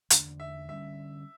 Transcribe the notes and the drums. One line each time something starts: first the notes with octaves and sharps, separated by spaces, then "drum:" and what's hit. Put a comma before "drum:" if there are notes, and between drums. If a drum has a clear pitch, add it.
E2 D3 A3 D4, drum: hi-hat
E5
D3 G3 C#4 E5